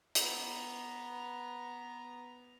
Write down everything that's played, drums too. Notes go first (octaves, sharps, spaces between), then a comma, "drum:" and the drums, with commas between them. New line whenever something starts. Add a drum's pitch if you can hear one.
B3 A#5, drum: hi-hat